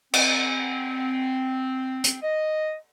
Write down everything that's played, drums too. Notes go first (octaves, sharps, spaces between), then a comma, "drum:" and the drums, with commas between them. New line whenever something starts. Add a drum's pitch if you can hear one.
C4, drum: cymbal
drum: hi-hat
D#5